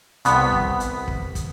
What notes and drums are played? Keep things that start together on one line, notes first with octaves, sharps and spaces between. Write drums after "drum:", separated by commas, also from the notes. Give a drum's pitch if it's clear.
C2 B3 B6, drum: hi-hat
drum: kick
drum: hi-hat
drum: kick
drum: kick, hi-hat